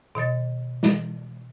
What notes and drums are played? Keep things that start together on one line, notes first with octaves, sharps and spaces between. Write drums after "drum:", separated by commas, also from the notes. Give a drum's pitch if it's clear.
B2 D#3 D#5 A6
drum: snare